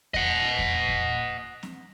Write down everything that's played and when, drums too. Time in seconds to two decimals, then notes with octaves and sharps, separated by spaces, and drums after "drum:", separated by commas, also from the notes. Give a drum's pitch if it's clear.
0.14 D#5 F#5, drum: kick E2
0.59 drum: kick E2
0.88 drum: kick E2
1.63 drum: snare C4